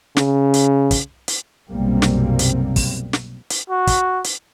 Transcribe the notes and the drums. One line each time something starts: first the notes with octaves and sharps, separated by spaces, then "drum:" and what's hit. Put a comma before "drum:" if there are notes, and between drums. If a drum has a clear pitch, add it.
C#3, drum: snare
drum: hi-hat
drum: kick, hi-hat
drum: hi-hat
B1 F#2 C3 G3 A#3 C4
drum: snare
drum: hi-hat
drum: kick, open hi-hat
drum: snare
drum: hi-hat
F#4
drum: kick, hi-hat
drum: hi-hat